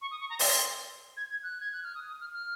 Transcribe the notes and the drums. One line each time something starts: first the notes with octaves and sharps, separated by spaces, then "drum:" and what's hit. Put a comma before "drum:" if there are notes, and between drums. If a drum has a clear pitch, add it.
C#6
D#6
C#6
A#5
C6, drum: open hi-hat
G#6
G#6
F#6
G#6
F#6
F6
D#6
D#6
F6
F6